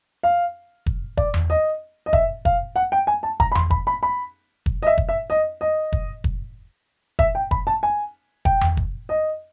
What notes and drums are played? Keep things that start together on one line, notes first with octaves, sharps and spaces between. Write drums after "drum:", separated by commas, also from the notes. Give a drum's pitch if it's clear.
F5
drum: kick
D5, drum: kick
drum: tom E2
D#5
D#5
E5, drum: kick
F5, drum: kick
F#5
G5
G#5
A5
A#5, drum: kick
B5
C6, drum: tom E2
B5, drum: kick
B5
B5
drum: kick
D#5
E5
drum: kick
E5
D#5
D#5
drum: kick
drum: kick
E5, drum: kick
G5
B5, drum: kick
A5
G#5
G5, drum: kick
drum: tom E2
drum: kick
D#5